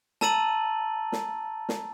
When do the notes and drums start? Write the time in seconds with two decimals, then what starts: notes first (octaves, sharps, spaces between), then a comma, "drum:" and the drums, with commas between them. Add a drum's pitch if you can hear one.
0.21 A5 A#5 E6 A6 D#7 F#7, drum: snare
1.12 drum: snare
1.69 drum: snare